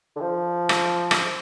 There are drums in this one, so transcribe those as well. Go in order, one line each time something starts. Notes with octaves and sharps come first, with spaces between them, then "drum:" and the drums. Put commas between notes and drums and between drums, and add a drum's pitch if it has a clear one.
D3
F3
drum: rim click
drum: rim click